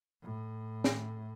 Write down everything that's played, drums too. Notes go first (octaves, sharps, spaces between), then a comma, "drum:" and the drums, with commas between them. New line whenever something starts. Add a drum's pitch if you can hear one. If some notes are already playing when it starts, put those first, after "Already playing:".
A2
drum: snare